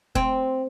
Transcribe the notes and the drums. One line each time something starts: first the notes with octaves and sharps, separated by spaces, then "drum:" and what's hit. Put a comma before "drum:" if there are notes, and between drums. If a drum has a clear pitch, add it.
C4, drum: kick F1